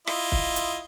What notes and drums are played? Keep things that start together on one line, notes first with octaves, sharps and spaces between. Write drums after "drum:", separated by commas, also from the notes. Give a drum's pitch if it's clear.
E4 F4 D#5, drum: rim click
drum: kick
drum: hi-hat